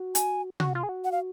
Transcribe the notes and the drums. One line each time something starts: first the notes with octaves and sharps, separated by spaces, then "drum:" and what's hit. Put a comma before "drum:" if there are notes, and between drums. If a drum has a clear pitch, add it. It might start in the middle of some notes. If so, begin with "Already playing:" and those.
Already playing: F#4
G#5, drum: hi-hat
F#4, drum: tom C3
F4
G#4
F#4
F#5
F5